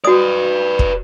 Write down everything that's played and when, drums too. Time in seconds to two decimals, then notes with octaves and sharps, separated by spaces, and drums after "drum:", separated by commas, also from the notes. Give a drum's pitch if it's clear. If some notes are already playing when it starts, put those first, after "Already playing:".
0.05 F#4 B4 D5 D#6
0.79 drum: kick